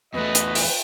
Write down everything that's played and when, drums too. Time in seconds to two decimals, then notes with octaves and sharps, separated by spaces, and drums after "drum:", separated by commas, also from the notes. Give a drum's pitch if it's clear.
0.14 E2 A3 F#4 B4 D#5
0.35 drum: hi-hat
0.55 drum: open hi-hat